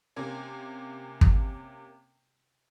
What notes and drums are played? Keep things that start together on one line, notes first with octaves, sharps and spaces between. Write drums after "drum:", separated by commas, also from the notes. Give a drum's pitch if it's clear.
C3 A#3 C#4
drum: kick